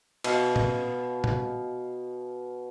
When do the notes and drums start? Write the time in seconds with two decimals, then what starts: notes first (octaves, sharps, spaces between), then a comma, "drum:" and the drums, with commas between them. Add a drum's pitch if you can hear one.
0.24 B2 F5, drum: cymbal
0.56 drum: tom
1.24 drum: tom